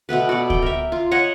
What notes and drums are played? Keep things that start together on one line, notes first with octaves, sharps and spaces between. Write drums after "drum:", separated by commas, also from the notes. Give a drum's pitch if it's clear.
B2 A3 B3 B4
F#4 D5
G5, drum: kick C#2
A#4 E5
F4
C#5 D#5 F#5